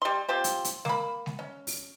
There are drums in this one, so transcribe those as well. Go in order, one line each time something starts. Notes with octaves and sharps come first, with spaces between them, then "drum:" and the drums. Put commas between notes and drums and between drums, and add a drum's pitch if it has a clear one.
G3 C6
C4 F4 G4 C5
drum: hi-hat
drum: hi-hat
A#3 B5, drum: snare G#3
drum: snare G#3
C#4
drum: open hi-hat